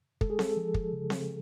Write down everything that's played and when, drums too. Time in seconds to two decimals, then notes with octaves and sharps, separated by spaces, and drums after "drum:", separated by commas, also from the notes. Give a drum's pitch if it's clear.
0.21 G#3 A4, drum: kick
0.30 G#4
0.39 A4, drum: snare C4
0.57 F3
0.74 drum: kick
0.93 C#3
1.10 drum: snare C4